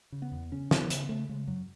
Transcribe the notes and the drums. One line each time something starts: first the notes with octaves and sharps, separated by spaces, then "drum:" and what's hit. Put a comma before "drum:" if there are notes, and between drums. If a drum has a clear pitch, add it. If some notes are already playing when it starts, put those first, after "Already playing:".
C#3
B3
E2
C#3 C#4
C#3, drum: snare
B3
C#3, drum: hi-hat
C#3 A3
C#3 G#3
F#2 F#3